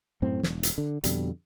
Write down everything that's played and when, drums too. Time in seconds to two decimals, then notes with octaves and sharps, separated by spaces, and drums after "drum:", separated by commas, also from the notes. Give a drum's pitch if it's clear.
0.22 F#2 A2 C4
0.43 E1, drum: snare
0.63 drum: hi-hat
0.78 D3
1.04 F2 B2 D3 G3, drum: hi-hat